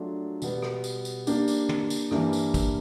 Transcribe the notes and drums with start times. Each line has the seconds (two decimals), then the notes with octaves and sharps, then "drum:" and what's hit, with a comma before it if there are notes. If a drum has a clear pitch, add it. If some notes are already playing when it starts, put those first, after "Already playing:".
Already playing: F#3 A3 D4 F4 G#4
0.42 B2 G3 B3, drum: tambourine
0.62 drum: rim click
0.84 drum: tambourine
1.05 drum: tambourine
1.27 A#3 D4 G4, drum: tambourine
1.48 drum: tambourine
1.69 drum: tom
1.90 drum: tambourine
2.11 G2 E3 G3 A#3, drum: rim click
2.33 drum: tambourine
2.54 drum: kick, tambourine